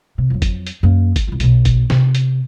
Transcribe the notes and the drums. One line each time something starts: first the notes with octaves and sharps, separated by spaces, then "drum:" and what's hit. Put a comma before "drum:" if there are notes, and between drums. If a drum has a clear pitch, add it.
C3
F2 F#3
drum: kick G1, hi-hat
drum: hi-hat
F#2 A#3
drum: kick G1, hi-hat
C2 F4
B1 B2, drum: hi-hat
drum: kick G1, hi-hat
C3, drum: snare
drum: hi-hat